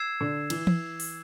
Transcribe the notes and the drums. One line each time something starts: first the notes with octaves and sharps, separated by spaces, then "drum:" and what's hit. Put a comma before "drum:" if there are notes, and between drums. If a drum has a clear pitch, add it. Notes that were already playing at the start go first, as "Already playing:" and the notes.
Already playing: E6 G#6 C7 E7
D3
E3, drum: cymbal
drum: tom E3
drum: open hi-hat